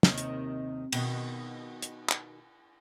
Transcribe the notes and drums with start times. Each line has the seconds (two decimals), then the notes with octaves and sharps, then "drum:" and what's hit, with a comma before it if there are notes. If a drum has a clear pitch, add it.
0.03 D#2 C3 D#3, drum: snare
0.18 drum: hi-hat
0.92 B2 D#3, drum: cymbal
1.82 drum: hi-hat
2.09 drum: clap